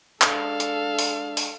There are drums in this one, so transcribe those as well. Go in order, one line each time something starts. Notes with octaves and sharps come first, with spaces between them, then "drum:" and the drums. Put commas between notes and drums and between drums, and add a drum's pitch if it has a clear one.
G#3 D4 A4 F5, drum: clap
drum: hi-hat
drum: open hi-hat
drum: open hi-hat